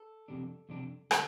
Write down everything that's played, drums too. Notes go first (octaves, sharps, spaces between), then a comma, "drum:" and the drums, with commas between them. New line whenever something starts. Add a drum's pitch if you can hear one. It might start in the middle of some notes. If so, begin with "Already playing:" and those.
Already playing: A4
F2 C3 G3 D4
F2 C3 G3 D4
D3 G3 A4, drum: rim click